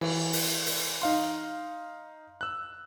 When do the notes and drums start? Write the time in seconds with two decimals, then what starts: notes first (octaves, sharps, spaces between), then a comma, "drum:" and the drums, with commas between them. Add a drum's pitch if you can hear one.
0.01 E3, drum: cymbal
0.33 drum: open hi-hat
0.66 drum: open hi-hat
1.02 D#4 F5 C6
2.41 E6 F#6